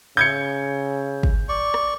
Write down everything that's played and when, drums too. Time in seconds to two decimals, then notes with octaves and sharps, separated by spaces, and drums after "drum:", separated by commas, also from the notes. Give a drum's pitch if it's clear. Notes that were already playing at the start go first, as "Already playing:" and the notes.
0.17 C#3 G6 G#6 C#7
1.23 drum: kick
1.49 D5 C#6
1.74 drum: rim click